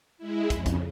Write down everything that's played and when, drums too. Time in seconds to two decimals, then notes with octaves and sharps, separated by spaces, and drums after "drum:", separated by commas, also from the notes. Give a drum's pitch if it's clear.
0.18 G#3 E4
0.50 F2 C#3, drum: kick, hi-hat
0.66 drum: kick, hi-hat